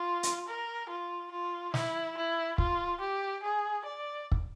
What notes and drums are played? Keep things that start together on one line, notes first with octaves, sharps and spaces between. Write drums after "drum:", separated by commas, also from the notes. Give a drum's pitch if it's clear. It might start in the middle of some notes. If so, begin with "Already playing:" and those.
Already playing: F4
drum: hi-hat
A#4
F4
F4
E4, drum: snare
E4
F4, drum: kick
G4
G#4
D5
drum: kick